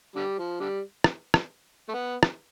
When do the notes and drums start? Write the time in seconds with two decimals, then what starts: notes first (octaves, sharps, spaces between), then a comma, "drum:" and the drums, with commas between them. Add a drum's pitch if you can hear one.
0.16 D3 G3
0.38 F3
0.60 D3 G3
1.04 drum: rim click
1.34 drum: rim click
1.89 A3
1.94 B3
2.23 drum: rim click